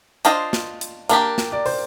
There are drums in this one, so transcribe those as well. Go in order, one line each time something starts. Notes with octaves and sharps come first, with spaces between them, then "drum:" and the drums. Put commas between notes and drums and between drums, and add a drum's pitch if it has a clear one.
D4 F4 C5 D#5, drum: hi-hat
drum: snare
drum: hi-hat
A#3 D4 G4 A#4, drum: hi-hat
drum: snare
D5
C5, drum: open hi-hat